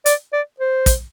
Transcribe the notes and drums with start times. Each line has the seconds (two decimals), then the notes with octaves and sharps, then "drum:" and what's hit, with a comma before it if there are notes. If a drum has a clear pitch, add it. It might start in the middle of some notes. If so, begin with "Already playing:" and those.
0.06 D5, drum: hi-hat
0.33 D5
0.60 C5
0.86 drum: kick, hi-hat